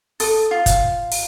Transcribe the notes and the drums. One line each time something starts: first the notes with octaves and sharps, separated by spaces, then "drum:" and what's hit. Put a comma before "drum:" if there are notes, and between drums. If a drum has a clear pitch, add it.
A4 D#6, drum: open hi-hat
F4
drum: kick, hi-hat
drum: open hi-hat